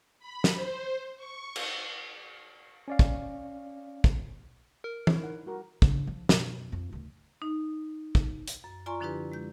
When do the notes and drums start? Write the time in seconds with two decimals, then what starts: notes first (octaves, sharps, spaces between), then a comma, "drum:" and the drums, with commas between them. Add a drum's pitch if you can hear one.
0.19 B5
0.44 drum: snare
0.54 C5
1.17 C#6
1.56 drum: cymbal
2.88 C#4 D5 F5
2.99 drum: kick
4.04 drum: kick
4.84 A#4
5.07 D4 E4 C#5, drum: tom E3
5.20 D#4 F#5
5.46 G3 F#4 A#4
5.82 C#3 D4, drum: kick
6.07 F3
6.29 F#2 B2, drum: snare
6.72 F2 F4
6.93 D2 D#3
7.42 D#4
8.15 drum: kick
8.48 drum: hi-hat
8.64 F#2
8.86 F4 D5 G#5 A#5 C6 C#6
9.00 D3 F3 D4 E4 G4 B4
9.32 G#3 G6